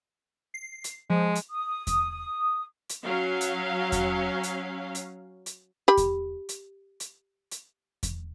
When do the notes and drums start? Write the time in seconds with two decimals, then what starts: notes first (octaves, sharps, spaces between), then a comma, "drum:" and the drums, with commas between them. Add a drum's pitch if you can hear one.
0.54 C7
0.84 drum: hi-hat
1.10 F3 G#3
1.36 drum: hi-hat
1.49 D#6
1.87 drum: kick E2, hi-hat
2.90 drum: hi-hat
3.03 F#3 C#4 F5
3.41 drum: hi-hat
3.92 drum: kick E2, hi-hat
4.44 drum: hi-hat
4.95 drum: hi-hat
5.46 drum: hi-hat
5.88 G4 B5
5.98 drum: kick E2, hi-hat
6.49 drum: hi-hat
7.00 drum: hi-hat
7.51 drum: hi-hat
8.03 drum: kick E2, hi-hat